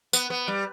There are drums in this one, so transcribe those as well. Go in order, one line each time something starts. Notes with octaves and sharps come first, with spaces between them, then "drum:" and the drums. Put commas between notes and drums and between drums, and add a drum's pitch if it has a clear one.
B3, drum: tambourine
B3
G3